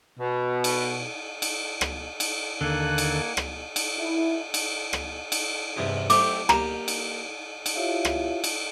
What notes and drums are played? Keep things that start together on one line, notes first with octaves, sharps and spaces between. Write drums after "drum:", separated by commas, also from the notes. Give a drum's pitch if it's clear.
B2
drum: cymbal
drum: cymbal
drum: rim click
drum: cymbal
D#2 D3 A#3 A4 F#5 G#5 F#6
drum: cymbal
drum: rim click
drum: cymbal
E4
drum: cymbal
drum: rim click
drum: cymbal
E2 G2 C3
A3 C4 G4 D6, drum: cymbal
A#3 G4 A#5, drum: rim click
drum: cymbal
drum: cymbal
E4 F4 G4 C#5 E5 F5
drum: rim click
drum: cymbal